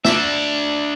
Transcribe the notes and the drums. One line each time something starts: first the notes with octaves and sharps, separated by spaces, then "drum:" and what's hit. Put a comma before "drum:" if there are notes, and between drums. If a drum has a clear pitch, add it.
D4 E5, drum: snare